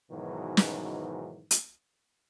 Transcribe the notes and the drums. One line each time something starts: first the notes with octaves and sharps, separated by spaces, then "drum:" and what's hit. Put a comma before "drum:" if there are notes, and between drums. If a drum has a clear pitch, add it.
G#2 B2 D#3 E3 F#3
drum: snare
drum: hi-hat